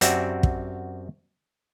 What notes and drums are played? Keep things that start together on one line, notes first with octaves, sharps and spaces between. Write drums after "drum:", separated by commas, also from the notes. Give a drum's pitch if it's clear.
F#2 C4 F#4 G4 D5 E5, drum: hi-hat
drum: kick